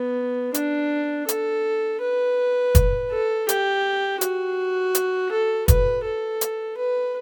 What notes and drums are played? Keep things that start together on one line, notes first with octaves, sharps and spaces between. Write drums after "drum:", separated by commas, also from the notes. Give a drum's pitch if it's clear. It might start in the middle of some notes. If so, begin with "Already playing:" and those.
Already playing: B3
D4, drum: hi-hat
A4, drum: hi-hat
B4
drum: kick, hi-hat
A4
G4, drum: hi-hat
F#4, drum: hi-hat
drum: hi-hat
A4
B4, drum: kick, hi-hat
A4
drum: hi-hat
B4